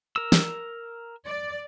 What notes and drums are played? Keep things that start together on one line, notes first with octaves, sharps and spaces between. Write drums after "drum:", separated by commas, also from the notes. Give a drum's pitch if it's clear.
A#4 E6
drum: snare
D5